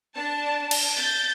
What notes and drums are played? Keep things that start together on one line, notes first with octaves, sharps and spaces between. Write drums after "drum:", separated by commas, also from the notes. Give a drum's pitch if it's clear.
D4 A5
drum: cymbal
G6 A6